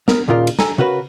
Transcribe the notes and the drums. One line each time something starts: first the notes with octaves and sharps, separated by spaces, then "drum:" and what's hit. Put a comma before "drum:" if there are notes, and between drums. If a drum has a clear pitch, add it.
B3 A#4, drum: snare
D#2 A#2 C#3 F4 A#4
drum: cymbal
A4 G#5 A#5, drum: snare
C#3 F#4 A#4 B4